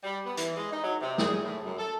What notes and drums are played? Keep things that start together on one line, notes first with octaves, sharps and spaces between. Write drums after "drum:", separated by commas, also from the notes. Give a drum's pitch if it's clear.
G3
B3
E3, drum: hi-hat
G#3
D#4
F#3
C3
G#4, drum: snare
A2
F#2
A4